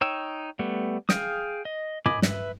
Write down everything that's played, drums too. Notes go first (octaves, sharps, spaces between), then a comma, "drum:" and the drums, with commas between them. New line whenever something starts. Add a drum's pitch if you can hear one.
D#4 C#5 G5 E6
G3 A3 B3
G#4 F5 G5 D#6, drum: snare
D#5
D#5 G#5 B5 D6, drum: tom
B4 E5, drum: snare